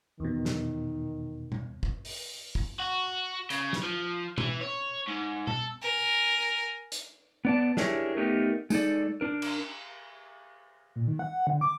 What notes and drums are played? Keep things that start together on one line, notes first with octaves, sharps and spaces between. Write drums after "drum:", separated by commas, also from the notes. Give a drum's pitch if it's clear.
E2 B2 D#3
drum: snare
drum: tom B2
drum: kick
drum: open hi-hat
drum: kick
F#4
C#3, drum: hi-hat
drum: snare
F3
E3, drum: tom B2
C#5
G#2
A4, drum: tom B2
A#4 G#5
drum: hi-hat
B3 D5 A5
D4 E4 G4 G#4 A#4 C#5, drum: snare
A3 B3 D#4 G4 A#4
G#3 D#4 A4 D5, drum: tambourine
D4 A#4
drum: cymbal
A#2
D#3
F#5
D3
D6